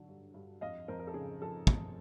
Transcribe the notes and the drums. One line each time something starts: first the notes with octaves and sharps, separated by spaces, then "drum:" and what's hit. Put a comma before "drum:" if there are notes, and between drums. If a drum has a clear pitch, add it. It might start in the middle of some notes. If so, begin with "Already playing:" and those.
Already playing: D3 F#3
G2
G2
F2 D#5 F5
F2 A#4 C5
A#4
A4
C#3 G#4
F3 A4
F2, drum: kick